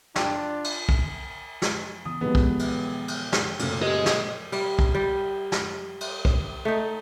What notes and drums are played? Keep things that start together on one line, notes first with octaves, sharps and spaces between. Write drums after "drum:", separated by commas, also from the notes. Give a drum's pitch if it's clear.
D4 F4 G4, drum: snare
drum: cymbal
drum: kick
drum: snare
C#3 E3 B3 D#6
D#2 A#2 F3 G#3 B3 A4 B4
drum: kick
drum: cymbal
drum: cymbal
drum: snare
F#2 A#2 C#3 A3, drum: cymbal
G4 G#4 C5 D#5
drum: snare
G3, drum: cymbal
drum: kick
G3
drum: snare
drum: cymbal
drum: kick
A3 D#4